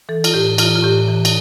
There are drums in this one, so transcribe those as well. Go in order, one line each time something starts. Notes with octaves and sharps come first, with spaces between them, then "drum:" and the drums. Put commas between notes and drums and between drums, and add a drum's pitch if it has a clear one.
E3 A4
F4, drum: cymbal
A2 G4
E3 F4, drum: cymbal
F4
A2 G4
E3
drum: cymbal